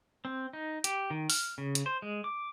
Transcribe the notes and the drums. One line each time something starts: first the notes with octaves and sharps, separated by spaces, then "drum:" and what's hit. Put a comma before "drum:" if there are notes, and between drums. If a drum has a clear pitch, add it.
C4
D#4
G4, drum: hi-hat
D#3
F6, drum: open hi-hat
C#3
drum: hi-hat
C5
G#3
D6